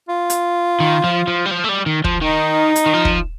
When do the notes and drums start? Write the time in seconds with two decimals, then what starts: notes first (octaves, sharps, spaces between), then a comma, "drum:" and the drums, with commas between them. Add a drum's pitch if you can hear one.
0.09 F4
0.30 drum: hi-hat
0.80 D#3
1.04 F3
1.27 F3
1.45 G3
1.51 F3
1.64 A3
1.69 G3
1.86 D#3
2.04 F3, drum: kick
2.22 D#3 D#4
2.76 drum: hi-hat
2.86 D#3
2.93 F3
3.05 drum: kick